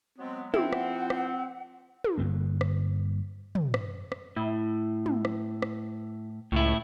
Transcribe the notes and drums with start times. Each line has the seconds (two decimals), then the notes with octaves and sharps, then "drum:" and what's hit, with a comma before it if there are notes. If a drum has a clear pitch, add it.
0.18 F#3 G#3 B3 C4
0.54 F3 C4 E4 F#5, drum: tom
0.73 drum: rim click
1.10 drum: rim click
2.04 drum: tom
2.18 G1 G2 D3 A#3
2.61 drum: rim click
3.55 drum: tom
3.74 drum: rim click
4.12 drum: rim click
4.36 A2 E4
5.06 drum: tom
5.25 drum: rim click
5.62 drum: rim click
6.52 C#2 A2 E4